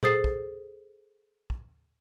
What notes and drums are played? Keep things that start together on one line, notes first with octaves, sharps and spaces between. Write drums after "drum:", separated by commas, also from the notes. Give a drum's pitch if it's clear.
G#4 A4 C5 D#6 A6 C7, drum: tom A#2
drum: kick
drum: kick